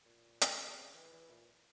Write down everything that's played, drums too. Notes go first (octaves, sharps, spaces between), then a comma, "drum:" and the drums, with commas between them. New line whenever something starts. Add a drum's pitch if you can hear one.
A#2
C3, drum: hi-hat
C#3
E3
E3
A#2